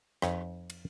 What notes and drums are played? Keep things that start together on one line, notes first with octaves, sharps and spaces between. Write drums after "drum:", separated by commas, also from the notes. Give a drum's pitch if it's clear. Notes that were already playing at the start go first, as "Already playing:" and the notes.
F2 D#4 C#5, drum: rim click
drum: cymbal